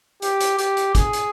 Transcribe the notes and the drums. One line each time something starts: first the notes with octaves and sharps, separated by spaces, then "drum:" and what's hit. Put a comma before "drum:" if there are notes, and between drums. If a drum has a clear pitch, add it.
G4, drum: hi-hat
drum: hi-hat
G4, drum: hi-hat
drum: hi-hat
G#4, drum: kick, hi-hat
drum: hi-hat